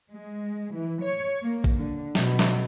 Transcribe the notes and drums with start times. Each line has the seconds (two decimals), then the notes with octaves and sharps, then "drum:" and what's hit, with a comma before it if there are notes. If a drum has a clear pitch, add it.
0.11 G#3
0.73 E3
1.03 C#5
1.42 A#3
1.64 drum: kick
1.76 D3
2.15 B2, drum: snare
2.39 drum: snare